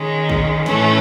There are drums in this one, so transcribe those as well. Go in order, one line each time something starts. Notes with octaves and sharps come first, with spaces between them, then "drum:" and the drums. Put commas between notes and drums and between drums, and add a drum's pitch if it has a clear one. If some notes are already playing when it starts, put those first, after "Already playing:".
Already playing: D#3 G#3 C#4
drum: kick
A2 E3 A3 C#4, drum: snare